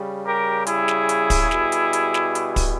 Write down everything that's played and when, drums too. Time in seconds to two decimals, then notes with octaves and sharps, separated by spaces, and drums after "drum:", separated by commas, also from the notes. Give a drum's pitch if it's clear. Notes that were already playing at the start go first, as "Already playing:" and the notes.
Already playing: C#3 G3
0.25 G4 A#4
0.67 E4 G#4, drum: hi-hat
0.88 drum: snare
1.09 drum: hi-hat
1.30 drum: kick, open hi-hat
1.51 B2 G3, drum: snare
1.72 drum: hi-hat
1.93 drum: hi-hat
2.14 drum: snare
2.35 drum: hi-hat
2.56 drum: kick, open hi-hat